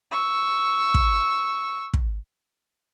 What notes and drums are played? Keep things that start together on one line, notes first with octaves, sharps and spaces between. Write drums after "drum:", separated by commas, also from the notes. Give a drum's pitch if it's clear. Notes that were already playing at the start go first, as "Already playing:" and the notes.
C#6 E6
drum: kick
drum: kick